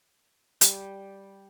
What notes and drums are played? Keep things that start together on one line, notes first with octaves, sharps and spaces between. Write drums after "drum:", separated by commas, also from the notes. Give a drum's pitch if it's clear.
G3, drum: hi-hat